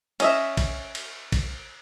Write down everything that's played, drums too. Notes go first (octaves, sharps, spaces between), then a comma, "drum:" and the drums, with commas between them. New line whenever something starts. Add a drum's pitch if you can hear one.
C#4 D#5 E5, drum: cymbal
drum: kick A1, cymbal
drum: cymbal
drum: kick A1, cymbal